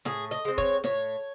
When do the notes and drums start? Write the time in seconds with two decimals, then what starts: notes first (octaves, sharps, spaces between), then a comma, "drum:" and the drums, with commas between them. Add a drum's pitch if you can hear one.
0.05 A2 G#4, drum: snare
0.31 D#5, drum: hi-hat
0.45 G#3 C4
0.58 C#5, drum: kick
0.84 A2 C#5, drum: snare